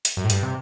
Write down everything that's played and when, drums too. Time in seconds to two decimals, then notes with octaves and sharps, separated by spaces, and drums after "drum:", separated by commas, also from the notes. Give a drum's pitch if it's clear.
0.05 drum: hi-hat
0.17 F#2
0.24 A2
0.30 G2, drum: hi-hat
0.43 C3